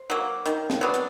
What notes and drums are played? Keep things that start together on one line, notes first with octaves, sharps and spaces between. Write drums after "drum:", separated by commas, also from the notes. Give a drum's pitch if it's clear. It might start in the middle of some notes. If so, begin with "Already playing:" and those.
Already playing: C5
F#3 A#3
D#3, drum: hi-hat
drum: snare
F#3 B3 D4
drum: hi-hat